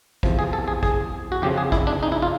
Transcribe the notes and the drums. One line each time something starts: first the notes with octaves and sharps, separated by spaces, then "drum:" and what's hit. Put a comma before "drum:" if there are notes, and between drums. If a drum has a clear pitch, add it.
E2 C3 F3, drum: kick A#1
G#4
A4
G#4
G#4, drum: kick A#1
F#4
F2 C#3 F3 G4
G#4
E4, drum: kick A#1
D4
D#4
E4
F4